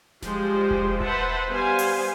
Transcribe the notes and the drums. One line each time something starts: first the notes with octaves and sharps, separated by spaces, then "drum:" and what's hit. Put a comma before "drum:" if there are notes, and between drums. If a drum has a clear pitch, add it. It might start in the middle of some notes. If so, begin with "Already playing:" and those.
F3 G3 G#3 G4 C5, drum: snare D#1
drum: kick E1
B4 C5 E5 F#5 A5, drum: kick E1
G3 B3 C5 F5 G#5
drum: open hi-hat